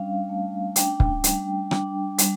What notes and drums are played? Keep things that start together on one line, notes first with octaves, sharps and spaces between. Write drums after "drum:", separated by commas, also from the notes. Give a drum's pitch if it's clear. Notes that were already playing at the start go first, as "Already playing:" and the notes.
Already playing: G3 C#4 D4 F5
A3
D4 G5, drum: hi-hat
drum: kick
G3, drum: hi-hat
D4, drum: rim click
G3, drum: hi-hat